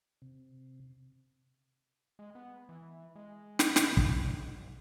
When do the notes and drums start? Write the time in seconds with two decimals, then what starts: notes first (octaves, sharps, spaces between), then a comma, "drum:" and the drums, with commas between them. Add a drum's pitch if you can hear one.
0.22 C3
2.19 G#3
2.35 B3
2.69 E3
3.15 G#3
3.59 drum: snare
3.76 C3, drum: snare
3.97 B1, drum: kick
4.24 B1